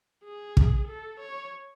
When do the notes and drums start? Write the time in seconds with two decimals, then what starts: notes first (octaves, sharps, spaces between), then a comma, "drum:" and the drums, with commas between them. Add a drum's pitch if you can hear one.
0.24 G#4
0.57 drum: kick
0.88 A4
1.20 C#5